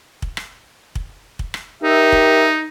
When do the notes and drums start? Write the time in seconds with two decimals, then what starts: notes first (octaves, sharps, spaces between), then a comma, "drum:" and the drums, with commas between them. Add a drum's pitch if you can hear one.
0.22 drum: kick
0.37 drum: rim click
0.95 drum: kick
1.39 drum: kick
1.54 drum: rim click
1.83 D#4 G4 A#4 E5
2.12 drum: kick